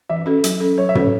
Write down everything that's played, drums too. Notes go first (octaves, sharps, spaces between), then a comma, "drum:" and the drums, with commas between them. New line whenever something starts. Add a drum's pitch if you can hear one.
E3 E5
C#4 F#4 A4
F#3, drum: hi-hat
C#4 A4
F#3 C#5
E5
C#4 A4 C#5, drum: tom